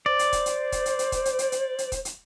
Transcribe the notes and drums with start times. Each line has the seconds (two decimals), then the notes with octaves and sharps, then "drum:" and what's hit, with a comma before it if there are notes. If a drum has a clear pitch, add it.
0.06 C5 D5
0.19 drum: hi-hat
0.32 drum: kick D#1, hi-hat
0.46 drum: hi-hat
0.72 drum: kick D#1, hi-hat
0.86 drum: hi-hat
0.99 drum: hi-hat
1.12 drum: kick D#1, hi-hat
1.25 drum: hi-hat
1.39 drum: hi-hat
1.52 drum: hi-hat
1.78 drum: hi-hat
1.92 drum: kick D#1, hi-hat
2.05 drum: hi-hat